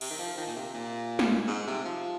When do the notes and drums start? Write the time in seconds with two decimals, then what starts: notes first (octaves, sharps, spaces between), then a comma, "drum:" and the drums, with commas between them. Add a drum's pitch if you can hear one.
0.01 C3, drum: cymbal
0.10 D#3
0.19 F3
0.37 D#3
0.47 A#2
0.56 C3
0.74 A#2
1.19 drum: snare
1.48 G#2
1.67 C3
1.85 F3